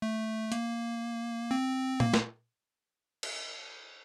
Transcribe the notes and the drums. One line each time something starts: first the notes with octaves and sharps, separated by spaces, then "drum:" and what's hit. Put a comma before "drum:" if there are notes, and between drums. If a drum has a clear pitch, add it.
A3
A#3, drum: hi-hat
C4
A#3, drum: tom A#2
drum: snare
drum: cymbal